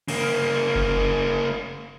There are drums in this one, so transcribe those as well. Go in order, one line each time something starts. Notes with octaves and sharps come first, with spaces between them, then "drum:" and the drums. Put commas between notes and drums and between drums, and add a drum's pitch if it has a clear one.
C#3 A#3, drum: cymbal
drum: kick F#1